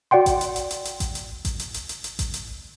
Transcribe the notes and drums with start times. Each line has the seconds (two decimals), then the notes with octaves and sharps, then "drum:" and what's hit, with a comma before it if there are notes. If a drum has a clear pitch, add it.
0.11 F#4 D5 F#5 G5 C6
0.26 drum: kick A1, hi-hat
0.41 drum: hi-hat
0.56 drum: hi-hat
0.71 drum: hi-hat
0.85 drum: hi-hat
1.00 drum: kick A1, hi-hat
1.15 drum: hi-hat
1.45 drum: kick A1, hi-hat
1.59 drum: hi-hat
1.74 drum: hi-hat
1.89 drum: hi-hat
2.04 drum: hi-hat
2.19 drum: kick A1, hi-hat
2.34 drum: hi-hat